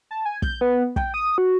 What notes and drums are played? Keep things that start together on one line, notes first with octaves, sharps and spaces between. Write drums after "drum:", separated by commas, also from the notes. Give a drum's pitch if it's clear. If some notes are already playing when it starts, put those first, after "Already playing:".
A5
G#5
G6, drum: kick
B3
G5, drum: kick
D#6
F#4